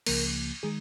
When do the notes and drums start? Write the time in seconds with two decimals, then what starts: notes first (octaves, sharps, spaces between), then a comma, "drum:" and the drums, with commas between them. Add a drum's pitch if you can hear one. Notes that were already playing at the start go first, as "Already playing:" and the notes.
0.06 C#2 C#3 F3 A#3 A#4, drum: cymbal
0.63 D#3 G#3 G#4